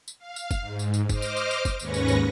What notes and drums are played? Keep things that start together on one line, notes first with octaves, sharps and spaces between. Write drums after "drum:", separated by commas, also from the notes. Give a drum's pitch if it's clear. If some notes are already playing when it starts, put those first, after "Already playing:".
drum: tambourine
F5
drum: tambourine
drum: kick, tambourine
G#2
drum: tambourine
drum: tambourine
C5 D#5 D6 F6, drum: kick, tambourine
drum: tambourine
drum: tambourine
drum: tambourine
drum: kick, tambourine
D#2 G#2 C#4 B4 C#6 A#6, drum: tambourine
drum: tambourine
drum: tambourine